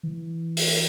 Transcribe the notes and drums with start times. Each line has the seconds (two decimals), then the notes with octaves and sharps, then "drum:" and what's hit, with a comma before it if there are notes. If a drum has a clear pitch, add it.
0.03 E3
0.57 drum: open hi-hat